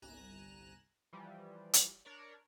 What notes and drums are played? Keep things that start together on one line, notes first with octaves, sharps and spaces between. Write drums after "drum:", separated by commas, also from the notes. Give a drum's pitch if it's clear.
G1 C2 G#5 A#5 F#6 E7
E3 F3 G3
drum: hi-hat
D4 A#4 C#5 D5